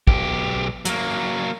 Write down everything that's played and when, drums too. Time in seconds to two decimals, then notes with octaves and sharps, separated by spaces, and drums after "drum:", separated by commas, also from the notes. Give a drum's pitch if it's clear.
0.07 B1 G4, drum: kick
0.85 F#3 A#3, drum: hi-hat